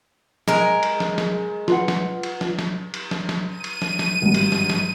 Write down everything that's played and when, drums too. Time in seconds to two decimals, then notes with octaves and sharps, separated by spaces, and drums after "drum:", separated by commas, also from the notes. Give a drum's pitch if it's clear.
0.48 G#3 A#4, drum: snare
0.83 drum: cymbal
1.00 drum: snare
1.18 drum: snare
1.68 F4 B4 F#5, drum: snare
1.88 drum: snare
2.23 drum: cymbal
2.41 drum: snare
2.59 drum: snare
2.94 drum: cymbal
3.11 drum: snare
3.29 drum: snare
3.48 D#7
3.64 drum: cymbal
3.82 drum: snare
3.99 drum: snare
4.22 G#1 G2
4.34 drum: cymbal
4.52 drum: snare
4.70 drum: snare